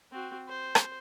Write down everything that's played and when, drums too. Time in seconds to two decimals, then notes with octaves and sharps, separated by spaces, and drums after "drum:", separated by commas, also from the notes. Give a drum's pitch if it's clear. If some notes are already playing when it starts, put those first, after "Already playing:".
0.12 C4 F#4
0.48 C5
0.75 drum: rim click